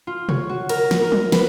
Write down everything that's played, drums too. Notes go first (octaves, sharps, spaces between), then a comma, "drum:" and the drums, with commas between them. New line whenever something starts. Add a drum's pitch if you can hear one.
F4
C#5, drum: tom B2
F#4
A#4, drum: cymbal
drum: snare
A#4
drum: tom F3
B4, drum: snare